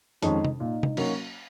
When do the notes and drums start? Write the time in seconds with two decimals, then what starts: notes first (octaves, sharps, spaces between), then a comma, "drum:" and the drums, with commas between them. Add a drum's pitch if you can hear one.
0.22 F2 D#3 G#3 C#4 D#4, drum: hi-hat
0.45 drum: tom C3
0.60 A#2 D#4
0.83 drum: tom C3
0.97 F#3 A#3 C#4 F#4, drum: cymbal